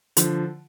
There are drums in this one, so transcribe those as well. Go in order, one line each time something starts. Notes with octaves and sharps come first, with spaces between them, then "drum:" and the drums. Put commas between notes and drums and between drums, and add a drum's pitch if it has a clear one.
D3 F3, drum: hi-hat